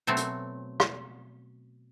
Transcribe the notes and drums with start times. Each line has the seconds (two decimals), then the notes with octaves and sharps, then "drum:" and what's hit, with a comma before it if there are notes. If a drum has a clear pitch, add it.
0.07 B2 F#3 A3 C4
0.17 drum: hi-hat
0.80 drum: rim click